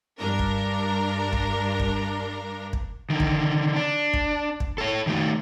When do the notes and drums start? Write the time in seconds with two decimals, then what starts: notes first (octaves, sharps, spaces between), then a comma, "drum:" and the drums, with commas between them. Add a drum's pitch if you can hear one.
0.20 G2 D4 A#4 A#5
0.39 drum: kick
1.33 drum: kick
1.79 drum: kick
2.73 drum: kick
3.10 D3 D#3
3.20 drum: kick
3.76 D4
4.13 drum: kick
4.60 drum: kick
4.78 A4 C#5
5.07 D#3 A3